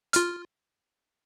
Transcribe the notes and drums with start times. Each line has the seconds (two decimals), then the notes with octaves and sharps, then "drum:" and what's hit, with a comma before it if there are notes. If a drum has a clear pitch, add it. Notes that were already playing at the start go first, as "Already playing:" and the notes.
0.13 F4 F6, drum: hi-hat